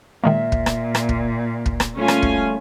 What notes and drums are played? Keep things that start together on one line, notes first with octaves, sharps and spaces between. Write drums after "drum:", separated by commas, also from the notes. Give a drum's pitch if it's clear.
A#2 D#3 G#3 A#3 E5
drum: kick
drum: rim click
drum: rim click
drum: kick
drum: kick
drum: rim click
G3 A3 C#4 F4 A4 G#5
drum: rim click
drum: kick